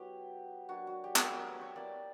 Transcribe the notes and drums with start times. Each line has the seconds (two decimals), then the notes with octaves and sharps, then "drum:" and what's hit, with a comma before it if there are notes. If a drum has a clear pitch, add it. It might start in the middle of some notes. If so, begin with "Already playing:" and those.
Already playing: F#3 B3 E4 G4
0.69 F#3 A#3 D4 F#4
0.87 F#4
1.04 G4
1.16 A#4, drum: clap
1.23 G4
1.35 A#4
1.48 B4
1.61 C#5
1.76 A#3 E4 D5